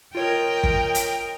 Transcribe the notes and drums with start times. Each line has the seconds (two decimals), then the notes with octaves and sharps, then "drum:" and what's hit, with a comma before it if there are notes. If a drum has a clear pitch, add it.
0.15 F4 A#4 C#5 D#5 G5
0.63 drum: kick
0.95 drum: hi-hat